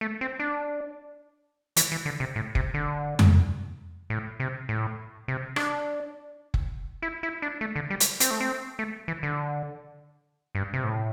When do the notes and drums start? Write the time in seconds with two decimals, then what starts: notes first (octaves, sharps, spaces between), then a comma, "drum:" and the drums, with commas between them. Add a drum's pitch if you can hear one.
0.01 A3
0.21 C4
0.40 D4
1.76 E3, drum: hi-hat
1.92 E3
2.06 D3
2.20 C3
2.36 A2
2.55 C3, drum: kick
2.74 D3
3.19 drum: tom F2
4.10 A2
4.40 C3
4.69 A2
5.28 C3
5.56 D4, drum: rim click
6.54 drum: kick
7.02 E4
7.23 E4
7.42 D4
7.61 A3
7.76 D3
7.90 G3
8.00 drum: hi-hat
8.20 C4, drum: hi-hat
8.31 A3
8.40 C4
8.79 A3
9.08 E3
9.23 D3
10.55 G2
10.74 C3
10.84 A2